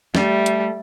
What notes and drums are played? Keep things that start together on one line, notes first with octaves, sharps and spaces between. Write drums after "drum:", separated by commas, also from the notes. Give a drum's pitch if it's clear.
G3 A3, drum: snare
drum: hi-hat